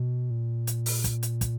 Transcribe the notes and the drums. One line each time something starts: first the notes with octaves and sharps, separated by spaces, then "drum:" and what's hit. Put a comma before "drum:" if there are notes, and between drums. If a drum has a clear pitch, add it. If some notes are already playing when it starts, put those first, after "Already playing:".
Already playing: B2
A#2
drum: hi-hat
drum: open hi-hat
drum: kick, hi-hat
drum: hi-hat
drum: kick, hi-hat